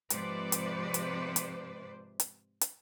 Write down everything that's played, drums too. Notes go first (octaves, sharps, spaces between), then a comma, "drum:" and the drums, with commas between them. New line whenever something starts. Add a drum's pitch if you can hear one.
G#2 C3 F3 B4 C5 D5, drum: hi-hat
drum: hi-hat
drum: hi-hat
drum: hi-hat
drum: hi-hat
drum: hi-hat